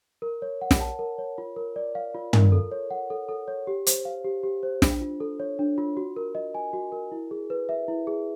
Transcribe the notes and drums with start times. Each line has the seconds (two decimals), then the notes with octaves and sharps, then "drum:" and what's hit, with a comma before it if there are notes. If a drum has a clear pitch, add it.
0.22 A#4
0.42 C#5
0.61 F#5
0.71 drum: snare
0.81 A5
0.99 A#4
1.18 C#5
1.38 F4
1.56 A#4
1.76 D5
1.95 F5
2.15 F4
2.33 A#4, drum: tom
2.52 A4
2.72 C#5
2.91 F#5
3.10 A4
3.29 A4
3.48 C#5
3.67 G4
3.86 C5, drum: hi-hat
4.05 F5
4.24 G4
4.43 G4
4.63 C5
4.82 D4, drum: snare
5.01 F4
5.20 A4
5.40 C#5
5.59 D4
5.78 F4
5.97 F#4
6.16 A#4
6.35 D#5
6.55 G#5
6.73 F#4
6.92 A#4
7.12 E4
7.31 G#4
7.50 B4
7.69 E5
7.88 E4
8.07 G#4